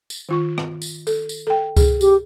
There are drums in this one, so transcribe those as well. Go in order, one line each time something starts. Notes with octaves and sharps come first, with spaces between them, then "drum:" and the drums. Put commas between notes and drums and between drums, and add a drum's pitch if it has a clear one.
drum: tambourine
D#3 F4 C#6
drum: rim click
drum: tambourine
A4, drum: tambourine
drum: tambourine
A4 G5
G#4, drum: kick C#2, tambourine
G4, drum: tambourine